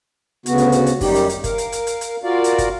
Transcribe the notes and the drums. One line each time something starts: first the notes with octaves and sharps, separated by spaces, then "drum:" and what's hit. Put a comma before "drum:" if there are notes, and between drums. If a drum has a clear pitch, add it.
D2 C#3 B3 F#4, drum: hi-hat
drum: hi-hat
drum: hi-hat
drum: hi-hat
F#2 D#3 G3 D#4 G4, drum: kick, open hi-hat
drum: hi-hat
drum: hi-hat
A#4 F5, drum: kick, hi-hat
drum: hi-hat
drum: hi-hat
drum: hi-hat
drum: hi-hat
F4 F#4 A#4 D5 F5
drum: hi-hat
drum: kick, hi-hat